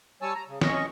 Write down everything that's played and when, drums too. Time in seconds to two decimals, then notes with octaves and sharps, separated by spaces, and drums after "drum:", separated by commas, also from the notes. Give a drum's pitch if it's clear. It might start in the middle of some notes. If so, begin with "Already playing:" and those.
0.22 G3 C#5 G#5 A5 E6
0.35 A#5
0.48 C#3
0.61 C#4 D#5 C#6, drum: snare